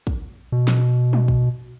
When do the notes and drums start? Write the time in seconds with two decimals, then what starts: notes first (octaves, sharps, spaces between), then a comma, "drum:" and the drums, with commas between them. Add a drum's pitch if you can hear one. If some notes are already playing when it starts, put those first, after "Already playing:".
0.07 drum: kick
0.52 B2
0.68 drum: snare
1.13 drum: tom
1.28 drum: kick